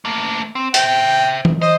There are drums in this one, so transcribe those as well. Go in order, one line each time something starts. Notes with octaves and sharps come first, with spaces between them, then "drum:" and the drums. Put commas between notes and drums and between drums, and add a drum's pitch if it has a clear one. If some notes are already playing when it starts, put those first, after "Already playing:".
A3 A#3
C4
C5 E5 G5, drum: hi-hat
drum: tom E3
C5 D#5